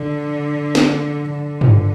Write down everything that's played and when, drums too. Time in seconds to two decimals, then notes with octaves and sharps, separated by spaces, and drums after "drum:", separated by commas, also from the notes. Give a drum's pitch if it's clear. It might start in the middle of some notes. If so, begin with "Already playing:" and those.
Already playing: D3
0.75 drum: snare
1.32 D3
1.61 drum: tom G2